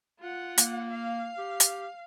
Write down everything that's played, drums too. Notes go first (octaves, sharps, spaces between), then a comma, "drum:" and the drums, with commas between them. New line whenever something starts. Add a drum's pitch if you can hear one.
F4 F#5
A#3, drum: hi-hat
F5
G4
drum: hi-hat